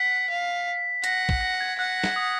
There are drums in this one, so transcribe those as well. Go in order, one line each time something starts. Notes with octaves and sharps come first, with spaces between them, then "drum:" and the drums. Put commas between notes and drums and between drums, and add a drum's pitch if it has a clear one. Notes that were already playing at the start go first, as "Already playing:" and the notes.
Already playing: F#5 B6
F5
F#5 A#6, drum: hi-hat
drum: kick B1
A#6
G#6
F#5 F#6
drum: snare
D#6